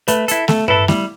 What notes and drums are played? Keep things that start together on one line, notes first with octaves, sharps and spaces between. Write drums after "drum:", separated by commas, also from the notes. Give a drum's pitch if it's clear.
A3 B4, drum: hi-hat
E4 A4, drum: hi-hat
A3 A4, drum: snare A3
E4 A4 B4, drum: tom G2
G3 E4, drum: snare A3